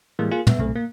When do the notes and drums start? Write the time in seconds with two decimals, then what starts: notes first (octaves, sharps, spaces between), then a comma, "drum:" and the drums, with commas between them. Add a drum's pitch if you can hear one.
0.19 A2 E3 G3 G#3 A#3
0.31 A#3 F4 G#4
0.47 B3 E5, drum: tom
0.59 B1 C3 A3
0.76 A#3